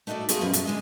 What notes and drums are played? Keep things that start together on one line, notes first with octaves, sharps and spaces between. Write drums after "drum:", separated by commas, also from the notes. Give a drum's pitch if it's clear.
A3 D#4 F#4 G#4 A4 D5
A3 D#4 F4 F#4 G#4, drum: hi-hat
F#2 B2 F3
A3 F#4, drum: hi-hat
D3 G#3 D#5